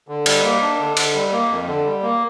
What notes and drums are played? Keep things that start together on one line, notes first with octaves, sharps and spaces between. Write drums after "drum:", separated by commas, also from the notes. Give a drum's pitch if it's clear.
D3
G3, drum: cymbal
A#3
D4
D3
D3, drum: cymbal
G3
A#3
F2
D3
G3
A#3